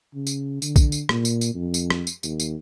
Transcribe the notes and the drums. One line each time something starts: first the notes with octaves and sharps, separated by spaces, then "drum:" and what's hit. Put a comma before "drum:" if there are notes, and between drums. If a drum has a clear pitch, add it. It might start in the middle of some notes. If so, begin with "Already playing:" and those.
C#3
drum: tambourine
D3, drum: tambourine
drum: kick A#1, tambourine
drum: tambourine
A#2, drum: rim click
drum: tambourine
drum: tambourine
F2
drum: tambourine
drum: rim click
drum: tambourine
D#2, drum: tambourine
drum: tambourine